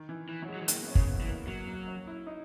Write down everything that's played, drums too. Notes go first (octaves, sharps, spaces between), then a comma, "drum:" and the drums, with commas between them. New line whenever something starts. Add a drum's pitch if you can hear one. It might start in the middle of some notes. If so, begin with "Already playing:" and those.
Already playing: D#3
E3
E3
F#3
G#3
F#3
E3
D#3 A#3, drum: hi-hat
B3
C#4
C#3, drum: kick
B3
E3
A#3
F#3 A#3
A#3
C#4
E4
D#4